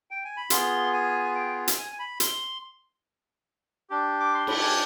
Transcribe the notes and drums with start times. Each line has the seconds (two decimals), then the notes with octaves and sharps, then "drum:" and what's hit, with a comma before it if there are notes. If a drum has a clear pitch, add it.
0.11 G5
0.25 G#5
0.37 B5
0.50 B3 F4 G#4 C6, drum: hi-hat
0.93 G#5
1.35 G5
1.68 drum: hi-hat
1.78 G#5
1.92 G#5
1.99 B5
2.20 C6, drum: hi-hat
3.90 D4 G4
4.20 D6
4.34 C6
4.47 B5, drum: cymbal
4.62 G#5